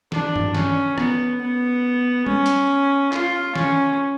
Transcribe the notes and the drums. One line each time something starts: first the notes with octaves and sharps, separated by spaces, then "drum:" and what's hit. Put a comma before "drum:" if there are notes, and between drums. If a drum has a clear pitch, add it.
D4, drum: snare
drum: tom G2
C#4, drum: snare
B3, drum: rim click
B3
C#4, drum: tom G3
drum: hi-hat
F4, drum: clap
C#4, drum: snare